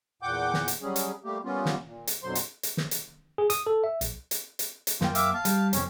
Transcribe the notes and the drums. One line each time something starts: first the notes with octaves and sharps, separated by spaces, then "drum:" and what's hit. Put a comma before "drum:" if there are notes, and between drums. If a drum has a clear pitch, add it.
E2 A#2 F#5 G5 D6 G6
drum: snare
drum: hi-hat
F#3 G3 C#4 G#4
drum: hi-hat
G3 A3 A#3 G4
G3 A#3 B3 C#4 F4
drum: snare
A#2
drum: hi-hat
F2 B2 D3 F#3 C5 C6
drum: hi-hat
drum: hi-hat
drum: snare
drum: hi-hat
G#4
D#6, drum: hi-hat
A4
E5
A#1, drum: hi-hat
drum: hi-hat
drum: hi-hat
drum: hi-hat
F#2 A#3 F4 G5, drum: snare
E5 F5 D6, drum: hi-hat
F5 A5
G3, drum: hi-hat
F2 C3 C#4, drum: hi-hat